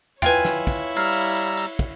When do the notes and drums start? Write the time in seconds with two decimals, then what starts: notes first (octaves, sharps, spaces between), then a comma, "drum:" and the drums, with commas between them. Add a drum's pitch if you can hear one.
0.22 E4 F4 B4 C#5 G5 G#5, drum: tom
0.45 drum: snare
0.67 drum: kick, cymbal
0.96 G3 F5 A#5 E6
1.12 drum: cymbal
1.34 drum: cymbal
1.57 drum: cymbal
1.79 drum: kick